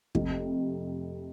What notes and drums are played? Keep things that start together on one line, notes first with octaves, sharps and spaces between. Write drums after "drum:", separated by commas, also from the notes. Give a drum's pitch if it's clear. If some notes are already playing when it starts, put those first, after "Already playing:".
F1 F2 C3, drum: kick